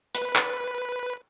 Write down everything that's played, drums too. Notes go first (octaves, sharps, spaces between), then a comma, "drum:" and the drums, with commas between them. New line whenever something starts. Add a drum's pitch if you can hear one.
B4, drum: hi-hat
drum: clap